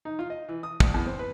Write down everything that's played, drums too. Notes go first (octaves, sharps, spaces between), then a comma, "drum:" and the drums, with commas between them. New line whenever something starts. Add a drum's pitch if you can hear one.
D#4
F4
D#5
E3
D#6
D2, drum: kick
E2
C4
B4